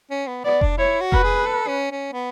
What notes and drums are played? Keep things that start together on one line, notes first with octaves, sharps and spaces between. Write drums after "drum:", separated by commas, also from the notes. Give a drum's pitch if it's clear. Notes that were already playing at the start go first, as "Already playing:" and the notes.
C#4
B3
B3 D5
D4, drum: kick F1
E4 C#5
F#4
B4, drum: kick F1
G#4
A4
C#4
C#4
B3